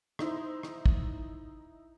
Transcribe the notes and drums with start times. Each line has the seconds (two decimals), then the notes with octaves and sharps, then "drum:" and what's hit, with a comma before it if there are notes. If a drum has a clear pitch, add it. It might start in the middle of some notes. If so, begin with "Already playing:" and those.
0.19 D#4 E4 C5, drum: rim click
0.63 drum: rim click
0.86 drum: kick